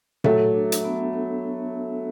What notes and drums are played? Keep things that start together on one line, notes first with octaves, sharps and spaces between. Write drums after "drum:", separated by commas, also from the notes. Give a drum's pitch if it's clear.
F#3 A3 A4, drum: tom A#2
D4
drum: hi-hat
B3